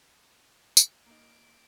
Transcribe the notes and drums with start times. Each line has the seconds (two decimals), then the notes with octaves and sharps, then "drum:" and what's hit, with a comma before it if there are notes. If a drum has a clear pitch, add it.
0.77 drum: tambourine
1.06 A#3 D#4 D7